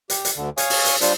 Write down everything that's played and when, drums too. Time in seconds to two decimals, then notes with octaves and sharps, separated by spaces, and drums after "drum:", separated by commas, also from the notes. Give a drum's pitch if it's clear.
0.10 G4, drum: hi-hat
0.25 drum: hi-hat
0.37 D2 D3
0.58 C#5 F5 G#5 C#6 D#6, drum: hi-hat
0.70 drum: open hi-hat
0.85 drum: hi-hat
1.01 G3 D4 F4 C5, drum: hi-hat